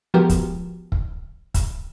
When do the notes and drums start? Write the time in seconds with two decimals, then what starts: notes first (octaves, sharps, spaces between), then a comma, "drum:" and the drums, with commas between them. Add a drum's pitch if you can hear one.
0.14 F3 G#3 B3 F#4 G4 A#4
0.29 drum: kick, hi-hat
0.92 drum: kick
1.54 drum: kick, hi-hat